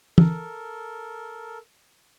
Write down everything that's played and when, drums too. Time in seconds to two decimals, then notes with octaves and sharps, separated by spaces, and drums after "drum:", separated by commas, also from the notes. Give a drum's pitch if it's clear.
0.18 A4 A#4, drum: tom